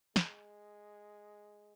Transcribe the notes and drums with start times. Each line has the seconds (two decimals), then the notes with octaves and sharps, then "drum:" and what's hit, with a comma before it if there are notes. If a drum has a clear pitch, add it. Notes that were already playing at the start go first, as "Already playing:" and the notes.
0.16 G#3, drum: snare